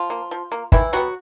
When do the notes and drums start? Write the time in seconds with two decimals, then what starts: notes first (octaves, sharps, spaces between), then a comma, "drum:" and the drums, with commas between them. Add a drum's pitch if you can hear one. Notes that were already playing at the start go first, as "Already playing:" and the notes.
Already playing: F3 F4
0.10 A#3
0.31 F3
0.52 A#3
0.72 D#3 E3 E4, drum: kick
0.93 F#3 G3 B3 F#4